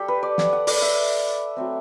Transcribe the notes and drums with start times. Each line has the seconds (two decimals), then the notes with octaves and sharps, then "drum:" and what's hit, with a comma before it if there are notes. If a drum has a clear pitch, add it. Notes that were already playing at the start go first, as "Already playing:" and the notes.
Already playing: G3 G4 A4
0.08 B4
0.23 D5
0.38 F#5, drum: snare
0.53 F#5
0.67 D5, drum: open hi-hat
0.82 E5
1.56 F#3 A3 C4